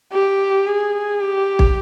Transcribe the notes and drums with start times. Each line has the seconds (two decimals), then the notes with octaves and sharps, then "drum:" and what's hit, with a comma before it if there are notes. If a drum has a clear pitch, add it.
0.12 G4
0.66 G#4
1.20 G4
1.59 drum: kick